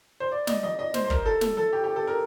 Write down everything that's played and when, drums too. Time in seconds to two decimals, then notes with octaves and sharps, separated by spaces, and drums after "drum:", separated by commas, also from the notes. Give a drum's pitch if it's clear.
0.20 C5
0.32 D5
0.47 D#5, drum: snare
0.63 D#5
0.79 D#5
0.94 C5, drum: snare
1.04 C5
1.10 A#4, drum: kick
1.26 A4
1.41 A4, drum: snare
1.57 A4
1.73 G4
1.84 G4
1.96 A4
2.07 A#4